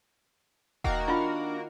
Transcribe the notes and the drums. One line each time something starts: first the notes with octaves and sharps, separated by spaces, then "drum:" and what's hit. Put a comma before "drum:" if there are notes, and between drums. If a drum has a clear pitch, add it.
D#3 A#3 D#4 F#4 A#4 F5 F#5, drum: kick E1
D4 E4 F4 F#5